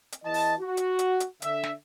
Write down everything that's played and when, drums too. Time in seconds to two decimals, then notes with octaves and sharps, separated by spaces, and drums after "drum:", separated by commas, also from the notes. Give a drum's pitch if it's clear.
0.12 drum: hi-hat
0.24 E2 E3 D#5 A5
0.34 drum: open hi-hat
0.59 F#4
0.77 drum: hi-hat
0.99 drum: hi-hat
1.20 drum: hi-hat
1.42 D3 E5, drum: hi-hat
1.63 drum: snare